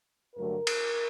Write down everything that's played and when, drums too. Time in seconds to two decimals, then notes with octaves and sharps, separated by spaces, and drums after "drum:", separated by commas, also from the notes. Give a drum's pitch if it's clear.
0.35 G2 D3 F#3 A3 A#4
0.67 drum: cymbal